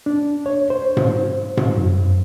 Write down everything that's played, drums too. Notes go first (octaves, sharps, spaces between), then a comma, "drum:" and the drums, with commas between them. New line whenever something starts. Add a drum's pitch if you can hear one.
D4
C#5
C5
drum: tom G#2
drum: tom G#2
F#2